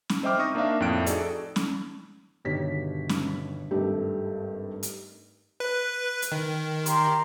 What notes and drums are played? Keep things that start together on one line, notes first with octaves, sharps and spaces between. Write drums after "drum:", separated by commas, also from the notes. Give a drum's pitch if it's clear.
drum: snare C#4
C5 D#5 E5 G5 D6 F6
C4 D#4 C#6 D#6 A#6
A#3 D4 D#4 D5 E5 F5
F2 A2 E5 G5 F#6 D7
D#4 F#4 G#4 A4 D5, drum: hi-hat
drum: snare C#4
G1 B2 D#3 G4 C#5 B6
drum: snare C#4
G#1 G2 G3 A3 G4
drum: hi-hat
B4
drum: hi-hat
D#3
G4 A#5 C6, drum: hi-hat